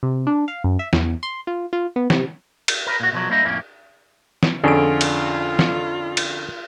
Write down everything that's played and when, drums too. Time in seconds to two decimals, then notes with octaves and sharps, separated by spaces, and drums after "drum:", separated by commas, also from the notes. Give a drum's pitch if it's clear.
0.03 C3
0.27 D4
0.48 F5
0.64 F#2
0.79 E5
0.93 E2, drum: snare
1.23 C6
1.47 F4
1.73 F4
1.96 B3
2.10 C3, drum: snare
2.68 drum: cymbal
2.87 A#4 B4
3.00 A#2 F#4
3.12 B2 F3 F#3
3.30 G3 A#3 D4 E4 C5 D#5
3.45 F2 A2 A#3 C#4
4.43 drum: snare
4.64 F2 D3 C#4 F4 G#4 A4 D7
5.01 drum: cymbal
5.59 drum: snare
6.17 drum: cymbal